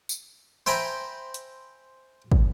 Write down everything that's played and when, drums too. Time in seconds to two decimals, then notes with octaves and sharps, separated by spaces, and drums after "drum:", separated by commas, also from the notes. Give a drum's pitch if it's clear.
0.09 drum: tambourine
0.66 C5 E5 G5 G#5 A#5 B5
1.34 drum: hi-hat
2.32 drum: kick